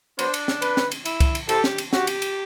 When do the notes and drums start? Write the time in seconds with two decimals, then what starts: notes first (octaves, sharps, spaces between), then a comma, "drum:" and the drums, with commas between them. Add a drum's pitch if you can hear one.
0.19 F#3 B3 D4 C5, drum: cymbal
0.34 drum: cymbal
0.48 drum: snare
0.62 B4, drum: cymbal
0.77 drum: snare
0.92 drum: cymbal
1.05 E4, drum: cymbal
1.20 drum: kick C2, cymbal
1.35 drum: cymbal
1.49 C4 E4 G4 A4, drum: cymbal
1.64 drum: snare
1.78 drum: cymbal
1.93 F#4 G4, drum: snare
2.07 drum: cymbal
2.22 drum: cymbal